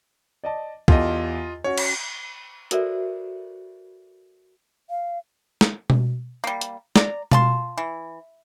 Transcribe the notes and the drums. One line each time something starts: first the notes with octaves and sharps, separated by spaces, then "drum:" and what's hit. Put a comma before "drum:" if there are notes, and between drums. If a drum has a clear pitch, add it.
D5 D#5 A5
E2 F4 G4 A4 D#5, drum: kick
C#4 F#4 C#5
drum: cymbal
F#4 A4 A#4 C5 D5 E5, drum: hi-hat
F5
drum: snare
drum: tom B2
G3 A#3
drum: hi-hat
D5 A#5, drum: snare
F4 A5 C6, drum: tom B2
E3